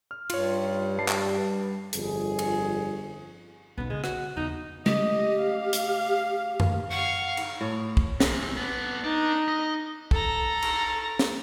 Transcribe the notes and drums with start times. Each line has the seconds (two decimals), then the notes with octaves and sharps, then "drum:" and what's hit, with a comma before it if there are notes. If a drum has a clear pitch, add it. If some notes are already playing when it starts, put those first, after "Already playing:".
0.11 F6
0.30 G2 F4 C#5, drum: cymbal
0.99 G3 A5 C7
1.08 drum: clap
1.93 G1 F2 G#4, drum: hi-hat
2.39 drum: cymbal
3.78 B1 B3 D#4
3.90 C#3 G#3
4.04 F#4, drum: rim click
4.37 E2 D#4
4.86 C#3 A3 G4 D#5, drum: tom G#3
5.41 F5
5.73 drum: hi-hat
6.60 drum: tom F#2
6.91 F5 F#5 C#6
7.37 drum: cymbal
7.61 A2
7.97 drum: kick
8.20 E2 C3, drum: snare
8.57 B3 D4
9.04 D4 D#4
9.48 D#5
10.11 A4 A#5, drum: kick
10.62 drum: cymbal
11.19 drum: snare